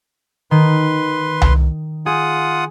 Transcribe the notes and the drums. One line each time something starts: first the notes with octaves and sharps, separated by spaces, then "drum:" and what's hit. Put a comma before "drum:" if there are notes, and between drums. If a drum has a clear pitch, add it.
D#3 B4 C6
drum: tom C2
F4 G#4 F#5 D#6